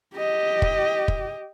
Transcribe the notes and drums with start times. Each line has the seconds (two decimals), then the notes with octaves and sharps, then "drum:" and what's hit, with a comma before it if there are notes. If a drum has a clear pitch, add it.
0.16 G4 D#5
0.62 drum: kick
1.08 drum: kick